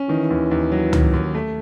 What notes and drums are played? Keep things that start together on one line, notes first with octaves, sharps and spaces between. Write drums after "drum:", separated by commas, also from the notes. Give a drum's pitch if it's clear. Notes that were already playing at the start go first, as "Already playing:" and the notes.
Already playing: C#4
D#3 E3
D#2
D#2
F#3
D#3, drum: tom C#2
D#2
A3